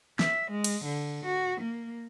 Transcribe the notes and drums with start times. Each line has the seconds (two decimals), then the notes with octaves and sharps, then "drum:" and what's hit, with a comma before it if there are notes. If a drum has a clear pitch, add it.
0.19 E5, drum: snare
0.50 G#3
0.64 drum: cymbal
0.84 D3
1.25 F#4
1.61 A#3